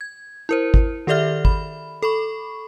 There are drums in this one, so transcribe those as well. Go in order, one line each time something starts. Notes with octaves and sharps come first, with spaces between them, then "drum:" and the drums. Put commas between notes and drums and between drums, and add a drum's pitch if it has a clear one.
G#6
E4 A#4 C5
drum: kick G#1
D#3 G4 A4 D5 E5 F6
B5, drum: kick G#1
A4 B5 C#6